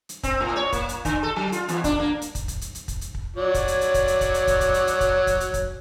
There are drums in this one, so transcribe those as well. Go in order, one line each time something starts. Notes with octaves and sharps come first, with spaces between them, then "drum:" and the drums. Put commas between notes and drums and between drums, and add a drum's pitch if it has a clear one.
drum: hi-hat
C4, drum: kick, hi-hat
A2
C#5
A#3, drum: kick, hi-hat
drum: hi-hat
D3, drum: kick, hi-hat
A4
F#3
F4, drum: hi-hat
E2, drum: hi-hat
D4, drum: kick, hi-hat
A#3
drum: hi-hat
drum: kick, hi-hat
drum: kick, hi-hat
drum: hi-hat
drum: hi-hat
drum: kick, hi-hat
drum: hi-hat
drum: kick
F#3 C#5 D5
drum: kick, hi-hat
drum: hi-hat
drum: hi-hat
drum: kick, hi-hat
drum: hi-hat
drum: kick, hi-hat
drum: hi-hat
drum: kick, hi-hat
drum: kick, hi-hat
drum: hi-hat
drum: hi-hat
drum: kick, hi-hat
drum: kick, hi-hat
drum: hi-hat
drum: kick, hi-hat